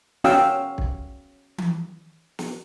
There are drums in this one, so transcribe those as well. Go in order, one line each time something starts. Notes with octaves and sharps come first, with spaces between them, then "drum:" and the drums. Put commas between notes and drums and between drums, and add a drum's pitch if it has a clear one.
C#4 F#4 F5 G5 E6, drum: snare
drum: kick
drum: tom E3
drum: snare